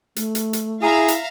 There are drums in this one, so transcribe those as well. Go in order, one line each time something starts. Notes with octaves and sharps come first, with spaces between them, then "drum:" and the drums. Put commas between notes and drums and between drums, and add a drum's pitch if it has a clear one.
A3, drum: hi-hat
drum: hi-hat
drum: hi-hat
E4 G#4 E5 F5 A#5
drum: hi-hat